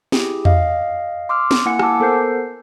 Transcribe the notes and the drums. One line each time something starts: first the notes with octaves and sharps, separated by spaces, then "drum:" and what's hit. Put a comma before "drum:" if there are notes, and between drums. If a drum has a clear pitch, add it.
E4 G4 G#4, drum: snare
D#5 F5, drum: tom E2
C6 D6 E6 F6
drum: snare
A#3 E4 F#5 G#5 C#7
F#5 G#5 A5 D6 E6, drum: rim click
B3 A4 A#4 C5 G6 C7